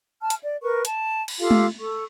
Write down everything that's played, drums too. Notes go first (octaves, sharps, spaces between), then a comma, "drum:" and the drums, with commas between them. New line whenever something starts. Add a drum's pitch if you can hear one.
A5 F6
drum: hi-hat
D5
A#4 B4 C#6
A5, drum: hi-hat
drum: cymbal
F4 G4 A4 F5
drum: tom G#3
A4 C#6